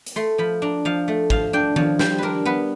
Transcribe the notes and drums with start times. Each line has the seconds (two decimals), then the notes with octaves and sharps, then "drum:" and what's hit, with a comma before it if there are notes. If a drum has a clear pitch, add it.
0.06 drum: hi-hat
0.16 A3 C6
0.38 F3 B5
0.62 D4 A#5
0.85 F3 F5
1.08 A3
1.30 F3 F5, drum: kick
1.53 D4 G5
1.76 F3 C#5, drum: tom D#3
1.99 G3 C5, drum: snare
2.18 D4 A#4 B4
2.45 B3 B4